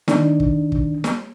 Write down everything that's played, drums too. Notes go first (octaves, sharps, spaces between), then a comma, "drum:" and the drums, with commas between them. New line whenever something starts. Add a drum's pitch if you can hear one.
D#3 D4, drum: snare
drum: kick
drum: kick
drum: snare